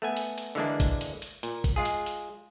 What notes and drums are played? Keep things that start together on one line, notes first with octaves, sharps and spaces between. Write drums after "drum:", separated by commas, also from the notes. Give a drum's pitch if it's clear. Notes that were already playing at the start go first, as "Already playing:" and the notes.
A3 B3 G#5
drum: hi-hat
drum: hi-hat
D3 E3 G#3 A#3 D4
drum: kick G#1, hi-hat
drum: hi-hat
drum: hi-hat
A#2, drum: hi-hat
drum: kick G#1, hi-hat
G#3 F4 G#4
drum: hi-hat
drum: hi-hat